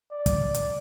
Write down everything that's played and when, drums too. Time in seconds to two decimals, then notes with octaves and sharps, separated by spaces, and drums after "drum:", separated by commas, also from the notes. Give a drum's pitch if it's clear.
0.12 D5
0.26 drum: kick, hi-hat
0.54 drum: hi-hat